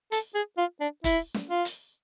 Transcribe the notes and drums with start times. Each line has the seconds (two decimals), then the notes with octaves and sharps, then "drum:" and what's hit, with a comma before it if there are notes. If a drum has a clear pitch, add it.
0.12 A4, drum: hi-hat
0.35 G#4
0.58 F4
0.80 D4
1.04 E4, drum: kick E1, hi-hat
1.34 drum: snare
1.50 F4
1.65 drum: hi-hat